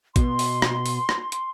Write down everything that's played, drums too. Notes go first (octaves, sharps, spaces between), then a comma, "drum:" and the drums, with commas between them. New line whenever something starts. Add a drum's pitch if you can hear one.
B2 C6, drum: kick A1, hi-hat
drum: open hi-hat
drum: rim click
drum: open hi-hat
drum: rim click
drum: hi-hat